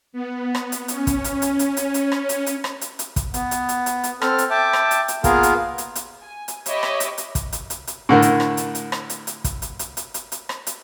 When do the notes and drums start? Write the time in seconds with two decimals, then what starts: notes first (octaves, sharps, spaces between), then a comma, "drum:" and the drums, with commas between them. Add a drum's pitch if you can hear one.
0.13 B3
0.55 drum: rim click
0.72 drum: hi-hat
0.88 C#4, drum: hi-hat
1.07 drum: kick, hi-hat
1.24 drum: hi-hat
1.42 drum: hi-hat
1.59 drum: hi-hat
1.77 drum: hi-hat
1.94 drum: hi-hat
2.12 drum: rim click
2.29 drum: hi-hat
2.47 drum: hi-hat
2.64 drum: rim click
2.81 drum: hi-hat
2.99 drum: hi-hat
3.16 drum: kick, hi-hat
3.34 B3, drum: hi-hat
3.51 drum: hi-hat
3.69 drum: hi-hat
3.86 drum: hi-hat
4.04 drum: hi-hat
4.22 C4 A4 F6, drum: rim click
4.38 drum: hi-hat
4.50 E5 G5 A5 D6
4.73 drum: rim click
4.91 drum: hi-hat
5.08 drum: hi-hat
5.24 A#3 B3 F4 G#4 A#4 F5, drum: kick, hi-hat
5.43 drum: hi-hat
5.78 drum: hi-hat
5.95 drum: hi-hat
6.22 G#5
6.48 drum: hi-hat
6.66 G4 C#5 D#5 E5 B5 D6, drum: hi-hat
6.83 drum: rim click
7.00 drum: hi-hat
7.18 drum: hi-hat
7.35 drum: kick, hi-hat
7.53 drum: hi-hat
7.70 drum: hi-hat
7.87 drum: hi-hat
8.09 A2 D3 A#4
8.22 drum: hi-hat
8.40 drum: rim click
8.57 drum: hi-hat
8.75 drum: hi-hat
8.92 drum: rim click
9.10 drum: hi-hat
9.27 drum: hi-hat
9.44 drum: kick, hi-hat
9.62 drum: hi-hat
9.79 drum: hi-hat
9.97 drum: hi-hat
10.14 drum: hi-hat
10.32 drum: hi-hat
10.49 drum: rim click
10.67 drum: hi-hat